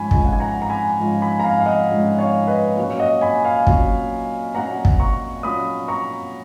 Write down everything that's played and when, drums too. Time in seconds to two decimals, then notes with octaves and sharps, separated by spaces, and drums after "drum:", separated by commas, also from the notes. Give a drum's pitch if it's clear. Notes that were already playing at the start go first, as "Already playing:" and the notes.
Already playing: G#2 F3 G#3 C#4 G#5 B5
0.11 G#2 F3 G#3 C#4 F4, drum: kick
0.25 F#5
0.33 G#5
0.40 F#5 A#5
0.62 A#5
0.70 G#5 B5
1.00 G#2 F3 G#3 C#4 F4
1.22 G#5 B5
1.40 A#5
1.44 F5 G#5
1.60 F5
1.66 D#5 F#5
1.89 G#2 F3 G#3 C#4 F4
2.19 C#5 F5
2.47 B4 D#5
2.77 A#2 F#3 C#4 F4
2.99 D#5 F#5
3.21 G#5 B5
3.44 F5 G#5
3.67 A#2 F#3 C#4 F4, drum: kick
4.55 A#2 F#3 C#4 F4 F#5 A#5
4.85 drum: kick
5.00 A#5 C#6
5.43 A#2 F#3 C#4 F4 B5 D#6
5.88 A#5 C#6